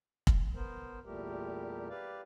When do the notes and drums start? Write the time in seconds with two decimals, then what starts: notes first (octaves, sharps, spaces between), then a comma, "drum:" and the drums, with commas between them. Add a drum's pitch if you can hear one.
0.27 drum: kick
0.55 B3 A#4 C5
1.05 E2 A#2 G3 A3 G4 A#4
1.90 G4 B4 D5 F5